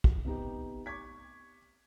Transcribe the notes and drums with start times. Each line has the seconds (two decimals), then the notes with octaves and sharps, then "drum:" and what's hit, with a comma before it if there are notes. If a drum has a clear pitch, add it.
0.04 drum: kick
0.25 C3 B3 D#4 G4
0.86 C#6 D6 G#6 B6